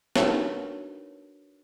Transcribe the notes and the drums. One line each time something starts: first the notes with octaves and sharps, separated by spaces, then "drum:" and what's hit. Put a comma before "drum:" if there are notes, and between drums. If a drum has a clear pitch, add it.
D4 D#4 F#4 A#4 B4 C#5, drum: snare